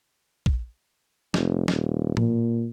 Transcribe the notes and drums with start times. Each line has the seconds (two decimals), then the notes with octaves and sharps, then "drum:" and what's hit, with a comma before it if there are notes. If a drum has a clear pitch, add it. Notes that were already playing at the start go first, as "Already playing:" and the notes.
0.46 drum: kick
1.34 F1, drum: snare
1.68 D#1, drum: snare
2.17 A#2, drum: tom A2